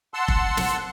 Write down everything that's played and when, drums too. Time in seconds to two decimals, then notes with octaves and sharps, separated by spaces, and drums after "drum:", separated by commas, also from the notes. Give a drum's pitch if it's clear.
0.14 F#5 A5 C6 E6
0.28 drum: kick F1
0.57 drum: snare